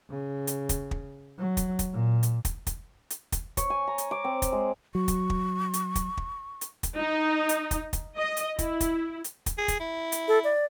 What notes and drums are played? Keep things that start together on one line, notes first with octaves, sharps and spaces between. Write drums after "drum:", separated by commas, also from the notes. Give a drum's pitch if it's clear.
C#3
drum: hi-hat
drum: kick, hi-hat
drum: kick
F#3
drum: kick, hi-hat
drum: kick, hi-hat
A#2
drum: hi-hat
drum: kick, hi-hat
drum: kick, hi-hat
drum: hi-hat
drum: kick, hi-hat
C#5, drum: kick, hi-hat
G#5
A#5
drum: hi-hat
D6
C4
drum: kick, hi-hat
G#3
F#3 C#6
drum: kick, hi-hat
drum: kick
drum: hi-hat
drum: kick, hi-hat
drum: kick
drum: hi-hat
drum: kick, hi-hat
D#4
drum: hi-hat
drum: kick, hi-hat
drum: kick, hi-hat
D#5
drum: hi-hat
E4, drum: kick, hi-hat
drum: kick, hi-hat
drum: hi-hat
drum: kick, hi-hat
G#4
drum: kick, hi-hat
E4
drum: hi-hat
A4
D5